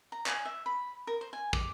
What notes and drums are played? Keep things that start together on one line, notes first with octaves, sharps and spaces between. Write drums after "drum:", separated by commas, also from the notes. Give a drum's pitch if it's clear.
A#5
G#5, drum: clap
E5
B5
A#4
C5
G#5
D6, drum: kick